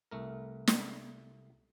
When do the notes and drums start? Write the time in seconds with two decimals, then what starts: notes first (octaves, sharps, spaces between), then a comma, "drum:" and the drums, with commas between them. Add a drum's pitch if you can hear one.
0.11 C2 A3 A#4
0.67 drum: snare